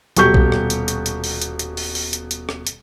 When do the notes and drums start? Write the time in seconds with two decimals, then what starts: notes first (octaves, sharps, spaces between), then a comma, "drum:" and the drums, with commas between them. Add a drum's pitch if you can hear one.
0.17 D#1 B2 G4 C#6 G6, drum: hi-hat
0.34 drum: kick B1
0.52 drum: rim click
0.70 drum: hi-hat
0.88 drum: hi-hat
1.06 drum: hi-hat
1.24 drum: open hi-hat
1.42 drum: hi-hat
1.59 drum: hi-hat
1.77 drum: open hi-hat
1.95 drum: open hi-hat
2.13 drum: hi-hat
2.31 drum: hi-hat
2.49 drum: rim click
2.67 drum: hi-hat